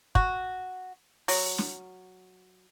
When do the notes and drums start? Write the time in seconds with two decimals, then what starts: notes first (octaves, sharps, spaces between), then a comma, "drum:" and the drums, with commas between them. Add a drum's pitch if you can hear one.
0.15 F#4, drum: kick
1.28 F#3, drum: open hi-hat
1.58 drum: snare